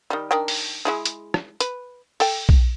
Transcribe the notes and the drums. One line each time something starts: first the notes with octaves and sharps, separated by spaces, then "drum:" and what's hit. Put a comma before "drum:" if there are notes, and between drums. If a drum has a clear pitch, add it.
D#3 G3
D#3 D4 G5
drum: open hi-hat
G#3 E4 G#4
drum: hi-hat
drum: rim click
B4, drum: hi-hat
A4 G5, drum: open hi-hat
drum: kick B1